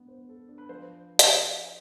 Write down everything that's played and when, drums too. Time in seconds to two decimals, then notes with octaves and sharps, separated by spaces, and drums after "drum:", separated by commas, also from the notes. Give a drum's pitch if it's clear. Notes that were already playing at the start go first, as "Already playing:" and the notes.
Already playing: B3 D4
0.08 C5
0.29 A4
0.48 D4
0.58 B4
0.69 F3 A4 C5
0.91 B4
1.19 drum: hi-hat